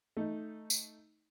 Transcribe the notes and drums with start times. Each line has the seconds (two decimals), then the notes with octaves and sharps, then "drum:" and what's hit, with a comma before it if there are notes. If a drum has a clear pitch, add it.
0.17 A3 D#4
0.70 drum: tambourine